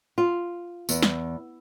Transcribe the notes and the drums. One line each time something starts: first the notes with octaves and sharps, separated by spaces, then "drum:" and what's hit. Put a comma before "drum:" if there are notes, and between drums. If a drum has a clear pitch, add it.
F4
E2, drum: tambourine
drum: snare